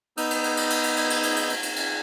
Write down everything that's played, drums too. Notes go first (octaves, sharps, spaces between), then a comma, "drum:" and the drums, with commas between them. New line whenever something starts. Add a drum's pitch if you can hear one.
B3 D#4 D#6 E6 G6, drum: cymbal
drum: cymbal
drum: cymbal
drum: cymbal
drum: cymbal
drum: cymbal
drum: cymbal
drum: cymbal
drum: cymbal
drum: cymbal
drum: cymbal
drum: cymbal
drum: cymbal